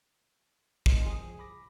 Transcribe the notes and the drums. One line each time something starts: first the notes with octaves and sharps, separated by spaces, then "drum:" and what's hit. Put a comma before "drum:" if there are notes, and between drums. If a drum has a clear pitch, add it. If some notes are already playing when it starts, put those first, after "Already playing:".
F3 C4 D#4 A#4, drum: kick
F3 G#4
B5 D6 A#6